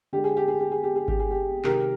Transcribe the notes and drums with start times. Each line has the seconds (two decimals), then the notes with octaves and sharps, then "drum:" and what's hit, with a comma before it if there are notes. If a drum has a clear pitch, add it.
0.13 D3 G#3 G4
0.24 G#4
0.37 G4
0.48 G#4
0.60 G4
0.72 G#4
0.83 G4
0.96 G#4
1.08 G4, drum: kick G#1
1.20 G#4
1.31 G4
1.64 C3 D#3 G#3 G4 A#4, drum: clap